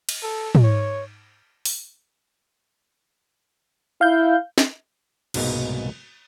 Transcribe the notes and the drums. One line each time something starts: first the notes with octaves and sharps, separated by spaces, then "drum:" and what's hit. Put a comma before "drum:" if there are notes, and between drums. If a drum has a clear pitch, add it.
drum: cymbal
A4
drum: tom
C#5
drum: open hi-hat
E4 F5 G6
drum: snare
C2 G#2 B2 G#3 A#3, drum: cymbal